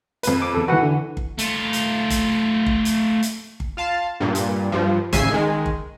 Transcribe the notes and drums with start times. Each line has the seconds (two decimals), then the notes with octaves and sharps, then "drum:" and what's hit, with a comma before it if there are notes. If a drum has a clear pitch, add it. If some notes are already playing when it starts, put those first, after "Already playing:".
0.23 F2 B4, drum: hi-hat
0.42 D6
0.55 E2 A4
0.68 E3 F#4 B4 F#5
0.82 D3
1.17 drum: kick G1
1.39 A3 F4, drum: hi-hat
1.73 drum: hi-hat
2.10 drum: kick G1, hi-hat
2.66 drum: kick G1
2.85 drum: hi-hat
3.23 drum: hi-hat
3.60 drum: kick G1
3.77 F4 F5 A5
4.20 G2 A#2
4.35 drum: hi-hat
4.72 G2 F3
5.13 A1 C#3 E5 G#5 C7, drum: kick G1, hi-hat
5.31 D#3 G#3
5.66 drum: kick G1